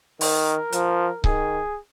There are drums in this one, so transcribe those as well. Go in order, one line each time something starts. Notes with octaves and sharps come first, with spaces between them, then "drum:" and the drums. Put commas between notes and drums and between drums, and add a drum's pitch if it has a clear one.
D#3 A#4, drum: open hi-hat
F3, drum: hi-hat
D#3 G#4, drum: kick C#1